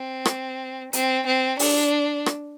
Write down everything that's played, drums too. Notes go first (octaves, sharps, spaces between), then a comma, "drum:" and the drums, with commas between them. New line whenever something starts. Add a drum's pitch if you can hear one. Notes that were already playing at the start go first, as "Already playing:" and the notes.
Already playing: C4
drum: rim click
C4, drum: hi-hat
C4
D4, drum: open hi-hat
drum: rim click